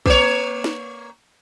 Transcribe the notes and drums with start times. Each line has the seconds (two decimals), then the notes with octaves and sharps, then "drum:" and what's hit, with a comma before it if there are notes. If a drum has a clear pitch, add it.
0.06 A#3 C#5, drum: kick B1
0.64 drum: snare